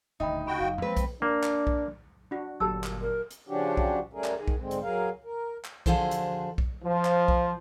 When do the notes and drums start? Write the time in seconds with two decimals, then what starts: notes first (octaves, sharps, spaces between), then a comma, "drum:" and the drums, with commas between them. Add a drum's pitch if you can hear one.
0.20 D#1 D2 D#4 E5 G5 B5
0.47 D2 C#3 F#4 G5 B5
0.60 F#1 F5
0.82 F2 G#3 A#3 C4 B4
0.97 drum: kick B1, hi-hat
1.22 A#3 D4
1.43 drum: clap
1.67 drum: kick B1
2.31 D4 F#4
2.60 G1 A#2 F#3 G4 A4 A5 E6
2.84 drum: clap
3.01 A#4
3.31 drum: hi-hat
3.49 C#3 F3 C#4 D4 F#4 G4
3.77 drum: kick B1
4.13 G3 A3 C#4 G#4 A#4
4.24 drum: clap
4.37 D#3 G#4
4.48 drum: kick B1
4.58 G#2 D3 G#3 C4
4.71 drum: hi-hat
4.83 F#3 G#4 A#4 F5
5.25 A#4
5.65 drum: clap
5.86 D3 F3 F#4 G#4 A4 C5, drum: kick B1
6.11 drum: hi-hat
6.58 drum: kick B1
6.84 F3
7.05 drum: clap
7.28 drum: kick B1